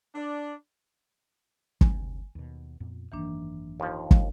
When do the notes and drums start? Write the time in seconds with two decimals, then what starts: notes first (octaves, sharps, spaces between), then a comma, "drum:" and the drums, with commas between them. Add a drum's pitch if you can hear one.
0.15 D4
1.81 D2 C3 G#5, drum: kick
2.35 D#2 B2
2.80 F2 A#2 B3
3.12 G#1 F#2 D#3 E3 A#3 D4
3.80 D#2 F3
4.11 drum: kick